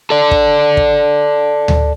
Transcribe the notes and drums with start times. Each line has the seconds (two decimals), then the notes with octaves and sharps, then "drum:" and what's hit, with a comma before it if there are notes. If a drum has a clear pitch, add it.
0.10 A4 D5
0.31 drum: kick
0.77 drum: kick
1.68 drum: tom D2